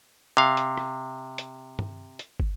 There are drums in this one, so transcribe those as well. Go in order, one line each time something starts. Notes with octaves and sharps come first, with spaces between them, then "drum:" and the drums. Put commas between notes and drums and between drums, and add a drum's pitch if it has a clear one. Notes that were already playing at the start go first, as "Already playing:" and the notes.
C3 F5
drum: hi-hat
drum: rim click
drum: hi-hat
drum: tom G2
drum: hi-hat
drum: kick